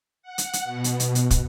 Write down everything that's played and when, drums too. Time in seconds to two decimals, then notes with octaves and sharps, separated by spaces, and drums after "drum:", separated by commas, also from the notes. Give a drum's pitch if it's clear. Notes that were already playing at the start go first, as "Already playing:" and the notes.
0.22 F#5
0.38 drum: hi-hat
0.53 drum: hi-hat
0.63 B2
0.84 drum: hi-hat
1.00 drum: hi-hat
1.15 drum: hi-hat
1.31 drum: kick, hi-hat